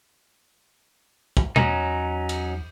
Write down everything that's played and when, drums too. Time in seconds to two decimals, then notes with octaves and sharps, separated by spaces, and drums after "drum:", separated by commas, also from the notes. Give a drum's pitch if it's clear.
1.37 drum: kick
1.56 E2 F#3 C#4 D#4, drum: tom
2.29 drum: cymbal